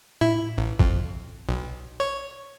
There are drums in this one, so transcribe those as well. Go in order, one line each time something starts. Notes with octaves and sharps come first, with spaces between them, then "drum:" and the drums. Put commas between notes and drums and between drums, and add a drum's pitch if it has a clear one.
E4, drum: tom A2
A1
F2, drum: kick G#1
B1
C#5